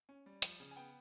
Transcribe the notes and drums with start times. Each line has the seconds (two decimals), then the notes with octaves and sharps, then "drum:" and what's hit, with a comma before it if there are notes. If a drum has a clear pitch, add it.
0.09 C#4
0.26 G3
0.42 F3, drum: hi-hat
0.60 C#3
0.71 G#5
0.76 B3 G5